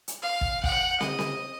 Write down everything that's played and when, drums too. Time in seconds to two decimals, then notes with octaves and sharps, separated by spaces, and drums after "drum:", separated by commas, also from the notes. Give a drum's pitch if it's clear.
0.08 drum: hi-hat
0.22 F5
0.41 drum: kick
0.64 F#5 G5, drum: kick
1.00 D#5, drum: snare
1.19 drum: snare